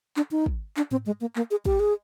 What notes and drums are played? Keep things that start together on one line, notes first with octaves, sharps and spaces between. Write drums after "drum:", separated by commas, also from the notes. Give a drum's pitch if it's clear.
D4, drum: clap
D#4
drum: kick
D4, drum: clap
C4, drum: tom G#2
G#3
A#3
A#3, drum: clap
G#4
G4, drum: kick
G#4